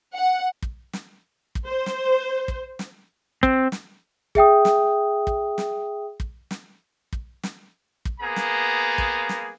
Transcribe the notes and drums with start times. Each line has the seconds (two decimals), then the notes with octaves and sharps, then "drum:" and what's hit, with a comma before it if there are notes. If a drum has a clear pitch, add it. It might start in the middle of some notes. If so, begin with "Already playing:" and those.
0.15 F#5
0.62 drum: kick
0.93 drum: snare
1.55 drum: kick
1.66 C5
1.86 drum: snare
2.48 drum: kick
2.79 drum: snare
3.43 C4, drum: kick
3.72 drum: snare
4.35 G#4 E5 G5 D#6, drum: kick
4.65 drum: snare
5.27 drum: kick
5.58 drum: snare
6.20 drum: kick
6.51 drum: snare
7.13 drum: kick
7.43 drum: snare
8.05 drum: kick
8.21 A#3 B3 G#4 A#5
8.36 drum: snare
8.98 drum: kick
9.29 drum: snare